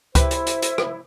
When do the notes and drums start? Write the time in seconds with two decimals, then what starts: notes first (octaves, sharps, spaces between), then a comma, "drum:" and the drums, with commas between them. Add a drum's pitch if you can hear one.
0.15 E4 G4 B4 C5, drum: kick C#2, hi-hat
0.31 drum: hi-hat
0.47 drum: hi-hat
0.62 drum: hi-hat
0.78 drum: rim click